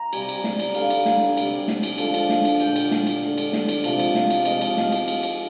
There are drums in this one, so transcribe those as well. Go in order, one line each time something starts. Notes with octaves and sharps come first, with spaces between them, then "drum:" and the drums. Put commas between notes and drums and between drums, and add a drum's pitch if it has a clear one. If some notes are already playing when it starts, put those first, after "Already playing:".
Already playing: A#5
C3 G3 G#5, drum: cymbal
drum: cymbal
D5, drum: snare
drum: cymbal
D3 G3 F5, drum: cymbal
drum: cymbal
G#5, drum: snare
C3 G3, drum: cymbal
drum: snare
drum: cymbal
D3 F3 G#3, drum: cymbal
drum: cymbal
drum: snare
drum: cymbal
A#2 G3 G5, drum: cymbal
drum: cymbal
drum: snare
drum: cymbal
D3 G#3
drum: cymbal
drum: snare
drum: cymbal
C3 F3 G#3, drum: cymbal
drum: cymbal
drum: snare
drum: cymbal
C3 F3 G#3 D#5, drum: cymbal
drum: cymbal
F5, drum: snare
drum: cymbal
drum: cymbal
drum: cymbal